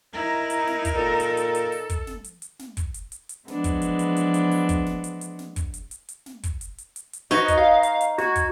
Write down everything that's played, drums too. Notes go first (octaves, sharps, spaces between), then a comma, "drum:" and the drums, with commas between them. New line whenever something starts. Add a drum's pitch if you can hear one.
D#4 E4 A#4
drum: hi-hat
drum: snare
drum: kick, hi-hat
A#2 A4
drum: hi-hat
drum: hi-hat
drum: hi-hat
drum: open hi-hat
drum: kick, hi-hat
drum: snare
drum: hi-hat
drum: hi-hat
drum: snare
drum: kick, hi-hat
drum: hi-hat
drum: hi-hat
drum: hi-hat
E3 F3 G#3 B3 D4, drum: snare
drum: kick, hi-hat
drum: hi-hat
drum: hi-hat
drum: hi-hat
drum: hi-hat
drum: open hi-hat
drum: kick, hi-hat
drum: snare
drum: hi-hat
drum: hi-hat
drum: snare
drum: kick, hi-hat
drum: hi-hat
drum: hi-hat
drum: hi-hat
drum: snare
drum: kick, hi-hat
drum: hi-hat
drum: hi-hat
drum: hi-hat
drum: hi-hat
D#4 F#4 B4 C#5 D#5, drum: open hi-hat
drum: kick, hi-hat
F5
drum: hi-hat
drum: hi-hat
F#4 G#6, drum: snare
drum: kick, hi-hat